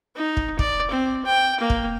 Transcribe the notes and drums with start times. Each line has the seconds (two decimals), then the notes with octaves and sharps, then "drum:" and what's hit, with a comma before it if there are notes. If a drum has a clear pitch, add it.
0.16 D#4
0.37 drum: kick
0.59 D5, drum: kick
0.91 C4
1.26 G5
1.60 A#3
1.70 drum: kick